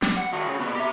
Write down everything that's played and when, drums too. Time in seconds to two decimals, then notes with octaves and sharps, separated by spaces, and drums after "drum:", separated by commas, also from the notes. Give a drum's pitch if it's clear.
0.02 G3, drum: snare
0.17 F#5
0.33 D#3 F#4
0.48 C#3
0.60 A#2 B3
0.76 G4 E5